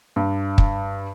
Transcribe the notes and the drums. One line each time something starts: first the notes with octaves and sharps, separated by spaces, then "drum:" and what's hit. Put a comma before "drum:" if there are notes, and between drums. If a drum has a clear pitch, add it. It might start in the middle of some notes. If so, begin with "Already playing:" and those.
G2
drum: kick